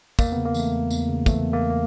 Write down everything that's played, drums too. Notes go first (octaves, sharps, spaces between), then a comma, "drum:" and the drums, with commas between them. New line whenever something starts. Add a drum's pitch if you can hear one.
E2 A#3, drum: kick, tambourine
C#3 B3
A#3
E3, drum: tambourine
A3
E2
E2, drum: tambourine
C#3
E3 A3, drum: kick, tambourine
E2
A#3
A#3